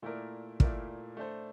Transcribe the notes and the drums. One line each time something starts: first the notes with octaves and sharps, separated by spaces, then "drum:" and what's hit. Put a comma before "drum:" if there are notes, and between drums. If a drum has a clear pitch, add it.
A#2 A3 E4 A#4 D5
A#2 A3 E4 A#4 D5, drum: kick
A3 D4 A4 C5